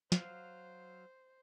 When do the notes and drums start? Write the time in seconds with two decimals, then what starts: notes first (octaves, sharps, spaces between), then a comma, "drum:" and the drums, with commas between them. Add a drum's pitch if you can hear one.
0.12 F#3 C5 F5, drum: snare